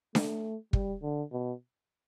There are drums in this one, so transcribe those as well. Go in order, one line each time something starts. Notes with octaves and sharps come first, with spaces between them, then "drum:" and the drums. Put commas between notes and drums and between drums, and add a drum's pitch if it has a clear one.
A3, drum: snare D4
G3, drum: kick
D3
B2